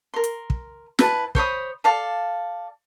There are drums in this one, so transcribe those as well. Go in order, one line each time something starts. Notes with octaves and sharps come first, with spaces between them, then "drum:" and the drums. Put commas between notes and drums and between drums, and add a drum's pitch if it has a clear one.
A#4 C6
drum: hi-hat
drum: kick
E4 B4 A5, drum: snare
C5 C#5 B5 D#6, drum: kick
A4 D5 F5 A5